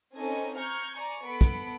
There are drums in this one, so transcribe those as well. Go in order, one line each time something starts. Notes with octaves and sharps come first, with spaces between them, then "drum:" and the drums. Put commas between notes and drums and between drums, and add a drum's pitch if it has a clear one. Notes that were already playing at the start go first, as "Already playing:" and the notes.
C4 C#4 D#4 A4 D#5 G#5
A#5 C#6 F6 G6 G#6
D5 G#5 A#5 C#6
B3 A4 B5 D7
drum: kick